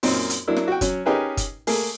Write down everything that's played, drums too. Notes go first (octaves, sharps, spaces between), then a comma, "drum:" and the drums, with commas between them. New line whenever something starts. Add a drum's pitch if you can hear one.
F#2 A#2 C4 C#4 D#4, drum: open hi-hat
drum: hi-hat
F#3 A#3 D4 E4
drum: snare
F#4 G5
F#3 C#4, drum: kick F#1, hi-hat
C#4 D#4 G4 G#4 A#4 B4
drum: kick F#1, hi-hat
A3 A#3 G#4, drum: open hi-hat